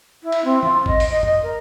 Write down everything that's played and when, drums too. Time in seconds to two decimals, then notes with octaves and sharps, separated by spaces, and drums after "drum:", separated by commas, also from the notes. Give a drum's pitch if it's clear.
0.22 E4
0.32 drum: cymbal
0.44 C4
0.63 F4, drum: tom
0.86 D#5, drum: kick G#1
1.00 drum: open hi-hat
1.10 D#5
1.23 D#5, drum: tom
1.42 A#4